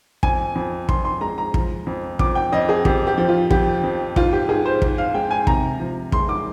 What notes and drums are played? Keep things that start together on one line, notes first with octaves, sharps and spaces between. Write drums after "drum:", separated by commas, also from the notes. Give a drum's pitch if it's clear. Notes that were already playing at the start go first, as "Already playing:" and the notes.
F2 G#5, drum: kick
F2
F2 C6, drum: kick
C6
G#3 A#5
A#5
F3, drum: kick
F2
F2 D6, drum: kick
G5
F2 D#5
G#4
F2 G4, drum: kick
G4
F3
F4
F2 G4, drum: kick
F2
G#2 F4, drum: kick
G4
G#2 G#4
C5
G#2, drum: kick
F5
G#3 G5
G#5
C3 A#5, drum: kick
F3
G#3 C6, drum: kick
D6